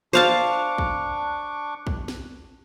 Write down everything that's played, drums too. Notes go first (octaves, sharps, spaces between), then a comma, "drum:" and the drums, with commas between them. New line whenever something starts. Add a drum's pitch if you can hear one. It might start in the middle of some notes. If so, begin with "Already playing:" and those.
D4 C5 F5 A5 C#6 D6
drum: kick
drum: kick
drum: snare